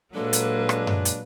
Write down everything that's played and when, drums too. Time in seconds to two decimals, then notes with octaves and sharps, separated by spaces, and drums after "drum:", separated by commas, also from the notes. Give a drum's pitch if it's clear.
0.15 A#2 F#3 G#3 A#3 D4 A4 B4
0.33 drum: hi-hat
0.69 drum: rim click
0.87 drum: tom F#2
1.05 drum: hi-hat